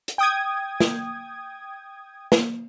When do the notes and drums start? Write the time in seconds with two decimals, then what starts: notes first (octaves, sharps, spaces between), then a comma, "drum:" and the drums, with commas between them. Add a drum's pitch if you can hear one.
0.08 drum: hi-hat
0.18 G5 D#6 G#6
0.80 drum: snare
2.32 drum: snare